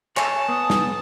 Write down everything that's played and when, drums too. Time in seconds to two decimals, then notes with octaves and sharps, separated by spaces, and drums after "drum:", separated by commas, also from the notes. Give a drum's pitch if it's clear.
0.17 C#5 G#5 A5, drum: clap
0.49 B3 D#6
0.70 drum: snare